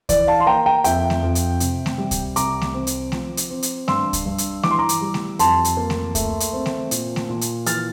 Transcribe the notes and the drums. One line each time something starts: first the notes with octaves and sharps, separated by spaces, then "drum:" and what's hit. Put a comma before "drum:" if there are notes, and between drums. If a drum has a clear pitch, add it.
E3 D5, drum: kick C#2, hi-hat
F5 A5
C6
A#3 G5 A#5
G5 A#5
F2 E5 G5, drum: hi-hat
drum: snare A3
F2
drum: hi-hat
C3, drum: hi-hat
drum: snare A3
G3
drum: kick C#2, hi-hat
C2 A#5 D6, drum: hi-hat
drum: snare A3
C4
drum: hi-hat
F3, drum: snare A3
drum: hi-hat
C4
drum: hi-hat
G2 C6 E6, drum: snare A3
drum: kick C#2, hi-hat
G2
drum: hi-hat
E3 D6, drum: snare A3
C6
A#5 D6
drum: hi-hat
G3
drum: snare A3
F2 A5 C6, drum: hi-hat
drum: hi-hat
A#3
drum: snare A3
A3, drum: kick C#2, hi-hat
drum: hi-hat
C4
drum: snare A3
A#2, drum: hi-hat
drum: snare A3
A#2
drum: hi-hat
E3 F6 A6, drum: hi-hat